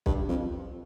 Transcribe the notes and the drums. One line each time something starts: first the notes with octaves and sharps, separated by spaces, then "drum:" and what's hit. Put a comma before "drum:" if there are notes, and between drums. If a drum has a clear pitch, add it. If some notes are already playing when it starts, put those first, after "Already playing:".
G2, drum: kick B1
F2